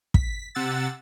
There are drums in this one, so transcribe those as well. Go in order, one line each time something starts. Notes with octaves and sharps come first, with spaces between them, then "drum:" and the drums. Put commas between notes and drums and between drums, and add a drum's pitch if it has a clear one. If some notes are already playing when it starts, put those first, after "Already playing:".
B6, drum: kick
C3 F#5 E6 A6